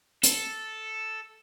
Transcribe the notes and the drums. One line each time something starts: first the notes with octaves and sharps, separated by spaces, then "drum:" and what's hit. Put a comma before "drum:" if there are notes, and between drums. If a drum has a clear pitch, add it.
A4, drum: hi-hat